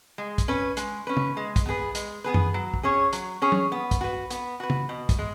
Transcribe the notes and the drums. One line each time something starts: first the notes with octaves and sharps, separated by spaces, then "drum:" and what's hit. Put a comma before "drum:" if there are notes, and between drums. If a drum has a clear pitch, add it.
G#3
drum: kick, hi-hat
C#4 B4
G#3, drum: hi-hat
C#4 B4
drum: tom C#3
G#3
drum: kick, hi-hat
B3 G#4 B4
G#3, drum: hi-hat
B3 G#4 B4
drum: tom F#2
F#3
drum: kick
C#4 G#4 C#5
F#3, drum: hi-hat
C#4 G#4 C#5
drum: tom F#3
B3
drum: kick, hi-hat
F#4 B4
B3, drum: hi-hat
F#4 B4
drum: tom C#3
B2
drum: kick, hi-hat
G#3